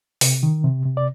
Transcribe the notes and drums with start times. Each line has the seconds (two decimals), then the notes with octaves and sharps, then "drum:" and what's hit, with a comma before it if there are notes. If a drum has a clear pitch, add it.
0.21 C3, drum: open hi-hat
0.43 D#3
0.64 C3
0.86 C3
0.97 D5